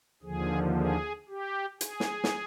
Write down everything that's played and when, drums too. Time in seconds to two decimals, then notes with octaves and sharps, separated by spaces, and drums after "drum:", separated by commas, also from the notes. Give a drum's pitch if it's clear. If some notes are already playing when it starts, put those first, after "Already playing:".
0.22 D#2 D3 F3 G#4
0.76 G#4
1.29 G4
1.81 G#4, drum: hi-hat
2.00 drum: snare
2.24 drum: snare